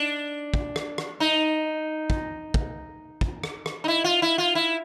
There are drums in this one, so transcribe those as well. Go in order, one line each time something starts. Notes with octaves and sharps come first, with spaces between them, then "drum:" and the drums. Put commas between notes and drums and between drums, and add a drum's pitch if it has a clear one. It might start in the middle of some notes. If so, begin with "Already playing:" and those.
Already playing: D4
drum: kick
drum: rim click
drum: rim click
D#4
drum: kick
drum: kick
drum: kick
drum: rim click
drum: rim click
D#4
E4
F4
E4
F4
E4